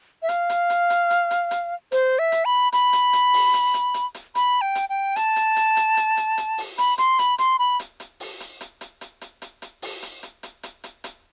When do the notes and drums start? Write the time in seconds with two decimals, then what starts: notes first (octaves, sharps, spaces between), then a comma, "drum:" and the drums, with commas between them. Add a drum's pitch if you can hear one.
0.22 E5
0.29 F5, drum: hi-hat
0.50 drum: hi-hat
0.70 drum: hi-hat
0.90 drum: hi-hat
1.10 drum: hi-hat
1.31 drum: hi-hat
1.51 drum: hi-hat
1.92 C5, drum: hi-hat
2.19 E5
2.32 drum: hi-hat
2.45 B5
2.72 B5, drum: hi-hat
2.93 drum: hi-hat
3.13 drum: hi-hat
3.33 drum: open hi-hat
3.54 drum: hi-hat
3.74 drum: hi-hat
3.94 drum: hi-hat
4.14 drum: hi-hat
4.35 B5, drum: hi-hat
4.61 G5
4.75 drum: hi-hat
4.89 G5
5.16 A5, drum: hi-hat
5.36 drum: hi-hat
5.56 drum: hi-hat
5.77 drum: hi-hat
5.97 drum: hi-hat
6.17 drum: hi-hat
6.38 drum: hi-hat
6.58 drum: open hi-hat
6.78 B5, drum: hi-hat
6.98 C6, drum: hi-hat
7.19 B5, drum: hi-hat
7.38 C6, drum: hi-hat
7.59 B5
7.79 drum: hi-hat
8.00 drum: hi-hat
8.20 drum: open hi-hat
8.40 drum: hi-hat
8.61 drum: hi-hat
8.81 drum: hi-hat
9.01 drum: hi-hat
9.21 drum: hi-hat
9.42 drum: hi-hat
9.62 drum: hi-hat
9.82 drum: open hi-hat
10.02 drum: hi-hat
10.23 drum: hi-hat
10.43 drum: hi-hat
10.63 drum: hi-hat
10.84 drum: hi-hat
11.04 drum: hi-hat